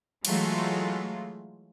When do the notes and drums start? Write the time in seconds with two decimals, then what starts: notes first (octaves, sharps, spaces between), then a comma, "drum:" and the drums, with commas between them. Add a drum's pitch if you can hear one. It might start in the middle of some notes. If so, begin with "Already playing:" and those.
0.25 E3 F#3 G#3 A3 F4, drum: cymbal